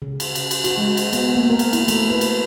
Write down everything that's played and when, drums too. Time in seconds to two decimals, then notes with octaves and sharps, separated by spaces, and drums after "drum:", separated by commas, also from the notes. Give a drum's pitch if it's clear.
0.02 C#3
0.20 drum: cymbal
0.35 drum: cymbal
0.51 drum: cymbal
0.64 F#4, drum: cymbal
0.78 G#3
0.97 drum: cymbal
1.13 B3, drum: cymbal
1.35 A#3
1.50 A#4
1.59 drum: cymbal
1.73 E4, drum: cymbal
1.88 A3, drum: cymbal
2.10 B4
2.21 drum: cymbal